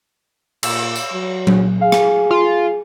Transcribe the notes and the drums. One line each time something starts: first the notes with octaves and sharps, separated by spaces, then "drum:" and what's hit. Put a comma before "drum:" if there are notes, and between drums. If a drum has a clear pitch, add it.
A#2 E6 E7, drum: cymbal
drum: tambourine
F#3
A#2, drum: tom F#3
G#4 F5
drum: rim click
F4